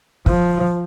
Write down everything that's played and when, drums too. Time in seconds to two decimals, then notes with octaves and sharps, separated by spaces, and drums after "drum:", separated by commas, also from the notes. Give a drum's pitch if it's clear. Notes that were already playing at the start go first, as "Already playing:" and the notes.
0.26 F3, drum: kick